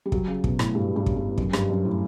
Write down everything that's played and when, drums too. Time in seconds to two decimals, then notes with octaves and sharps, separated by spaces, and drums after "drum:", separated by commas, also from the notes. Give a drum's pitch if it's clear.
0.06 G3
0.12 F#3, drum: kick
0.27 C#3
0.44 B2, drum: kick
0.59 A2, drum: rim click
0.75 G2
0.96 G2
1.06 drum: kick
1.17 G2
1.38 F#2, drum: kick
1.53 G2, drum: rim click
1.69 F#2
1.85 A2